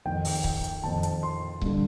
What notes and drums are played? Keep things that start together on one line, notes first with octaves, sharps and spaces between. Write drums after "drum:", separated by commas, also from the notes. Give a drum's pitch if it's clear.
F2 D#3 G5
drum: open hi-hat
G5, drum: kick C#1
drum: hi-hat
F2 D#3 A5
drum: hi-hat
C6
G2 D3, drum: kick C#1